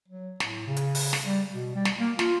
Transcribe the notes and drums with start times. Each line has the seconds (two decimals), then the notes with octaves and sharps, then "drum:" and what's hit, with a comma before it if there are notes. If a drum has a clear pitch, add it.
0.08 F#3
0.40 A2, drum: snare
0.67 C#3
0.76 drum: hi-hat
0.95 drum: open hi-hat
1.13 drum: snare
1.26 G3
1.53 B2
1.75 G3
1.85 drum: snare
2.00 A#3
2.19 F4, drum: snare